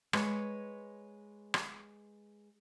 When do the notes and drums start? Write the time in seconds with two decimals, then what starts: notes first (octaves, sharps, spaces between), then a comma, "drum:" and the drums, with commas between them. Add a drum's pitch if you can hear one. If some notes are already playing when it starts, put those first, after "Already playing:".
0.13 G#3 B4 C#5, drum: rim click
1.54 drum: rim click